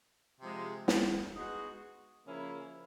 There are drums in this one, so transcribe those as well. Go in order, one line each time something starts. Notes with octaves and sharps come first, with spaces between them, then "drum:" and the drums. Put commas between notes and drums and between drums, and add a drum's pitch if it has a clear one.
C3 F3 G#3
drum: snare
G#3 B3 D#4 F#4
C#3 F3 A#3 C#4 E4